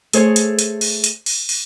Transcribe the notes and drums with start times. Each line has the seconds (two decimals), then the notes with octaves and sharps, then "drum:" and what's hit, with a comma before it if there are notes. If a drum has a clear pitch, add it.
0.13 A3 G#4 C5 C#5, drum: hi-hat
0.36 drum: hi-hat
0.59 drum: hi-hat
0.81 drum: open hi-hat
1.04 drum: hi-hat
1.26 drum: open hi-hat
1.49 drum: open hi-hat